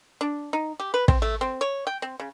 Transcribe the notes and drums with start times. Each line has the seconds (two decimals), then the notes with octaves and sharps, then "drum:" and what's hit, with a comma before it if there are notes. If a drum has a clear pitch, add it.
0.21 D4
0.53 D#4
0.80 G4
0.94 B4
1.08 C4, drum: kick
1.22 A3
1.41 C4
1.61 C#5
1.87 G5
2.02 C4
2.20 C#3